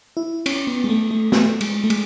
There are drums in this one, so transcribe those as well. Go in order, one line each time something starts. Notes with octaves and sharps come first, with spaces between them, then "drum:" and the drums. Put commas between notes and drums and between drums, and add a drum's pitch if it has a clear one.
E4
C#4, drum: cymbal
B3
G#3
A3
A3
A3, drum: snare
G#3, drum: cymbal
A3
G#3, drum: cymbal